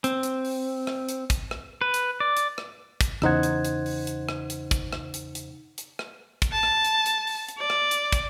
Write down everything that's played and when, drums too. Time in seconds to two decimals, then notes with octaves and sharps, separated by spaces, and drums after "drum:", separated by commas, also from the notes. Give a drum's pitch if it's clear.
0.04 C4, drum: hi-hat
0.23 drum: hi-hat
0.45 drum: open hi-hat
0.87 drum: rim click
1.09 drum: hi-hat
1.30 drum: kick, hi-hat
1.51 drum: rim click
1.81 B4
1.94 drum: hi-hat
2.20 D5
2.37 drum: hi-hat
2.58 drum: rim click
3.01 drum: kick, hi-hat
3.22 E2 C#3 D#4 C5 F#5 G#6, drum: rim click
3.43 drum: hi-hat
3.65 drum: hi-hat
3.86 drum: open hi-hat
4.07 drum: hi-hat
4.29 drum: rim click
4.50 drum: hi-hat
4.71 drum: kick, hi-hat
4.93 drum: rim click
5.14 drum: hi-hat
5.35 drum: hi-hat
5.78 drum: hi-hat
5.99 drum: rim click
6.42 drum: kick, hi-hat
6.52 A5
6.63 drum: rim click
6.85 drum: hi-hat
7.06 drum: hi-hat
7.27 drum: open hi-hat
7.48 drum: hi-hat
7.58 D5
7.70 drum: rim click
7.91 drum: hi-hat
8.12 drum: kick, hi-hat